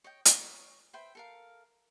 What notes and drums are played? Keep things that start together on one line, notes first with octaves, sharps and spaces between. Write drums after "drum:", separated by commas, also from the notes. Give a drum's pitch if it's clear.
C#5 D#5 G5
C#5, drum: hi-hat
B4 C5 E5 G5
A4 A#4 F5